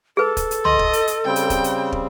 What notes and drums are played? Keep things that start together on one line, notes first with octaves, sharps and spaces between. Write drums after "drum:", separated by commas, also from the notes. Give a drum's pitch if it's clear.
G#4 A4 B4
drum: kick, hi-hat
drum: hi-hat
D#5 C6, drum: tom C2
drum: kick
drum: hi-hat
drum: hi-hat
C#3 G3 C4 G5
drum: hi-hat
drum: kick, hi-hat
drum: hi-hat
drum: kick